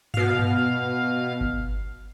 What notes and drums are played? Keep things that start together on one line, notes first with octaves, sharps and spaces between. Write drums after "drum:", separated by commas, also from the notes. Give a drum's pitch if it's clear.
B2 F5, drum: tom G2
drum: tom G2
drum: kick G1